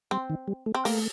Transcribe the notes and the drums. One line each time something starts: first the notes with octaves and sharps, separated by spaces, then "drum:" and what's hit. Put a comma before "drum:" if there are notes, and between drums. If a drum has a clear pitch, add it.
G3 C4
D#3
G3
A3
C4
A3 A#3, drum: open hi-hat